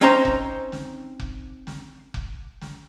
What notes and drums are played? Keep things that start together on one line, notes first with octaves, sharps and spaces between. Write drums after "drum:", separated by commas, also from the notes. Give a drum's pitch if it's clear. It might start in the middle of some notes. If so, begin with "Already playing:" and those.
C4 C#4 D#4 C5 A#5 C6
drum: kick F1
drum: snare
drum: kick F1
drum: snare
drum: kick F1
drum: snare